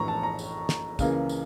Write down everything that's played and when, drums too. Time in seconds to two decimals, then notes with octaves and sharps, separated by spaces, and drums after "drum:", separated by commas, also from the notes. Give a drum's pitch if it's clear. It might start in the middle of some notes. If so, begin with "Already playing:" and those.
Already playing: A#1 A2 E3 A#5 C#6
0.08 A5
0.23 A#5
0.39 drum: tambourine
0.69 drum: snare
0.99 C#2 C#3 E3 A#3, drum: kick, tambourine
1.29 drum: tambourine